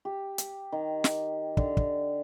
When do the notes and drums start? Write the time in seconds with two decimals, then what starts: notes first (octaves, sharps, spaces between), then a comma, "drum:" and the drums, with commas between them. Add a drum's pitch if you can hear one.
0.05 G4
0.38 drum: hi-hat
0.72 D#3
1.04 drum: snare
1.57 D3, drum: kick
1.77 drum: kick